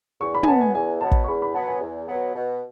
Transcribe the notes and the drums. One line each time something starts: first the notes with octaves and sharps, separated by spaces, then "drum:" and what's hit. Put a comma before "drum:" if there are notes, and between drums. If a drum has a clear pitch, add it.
E2 C#6
B5
G#5, drum: tom
B2 F#3 B3 A5
G#5
E2 G#5
B2 F#3 B3 A5
drum: kick
C#6
E2 B5
B5
B2 F#3 B3 A5
G#5
E2
B2 F#3 B3
B2